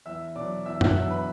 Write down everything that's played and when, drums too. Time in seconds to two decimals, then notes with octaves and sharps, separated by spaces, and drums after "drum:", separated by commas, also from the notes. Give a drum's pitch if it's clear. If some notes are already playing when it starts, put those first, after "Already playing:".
0.06 E2 E5 E6
0.36 B2 F#3 D5 D6
0.65 E2 E5 E6
0.81 F#5 F#6, drum: tom F#2
0.96 B2 F#3 E5 E6
1.11 B4 B5